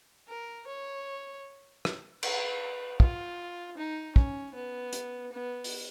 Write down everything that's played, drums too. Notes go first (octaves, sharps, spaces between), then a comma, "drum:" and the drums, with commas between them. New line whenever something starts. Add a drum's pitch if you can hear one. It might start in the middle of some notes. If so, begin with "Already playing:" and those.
A#4
C#5
drum: rim click
B4, drum: cymbal
F4, drum: kick
D#4
C#4, drum: kick
B3
drum: hi-hat
B3
drum: open hi-hat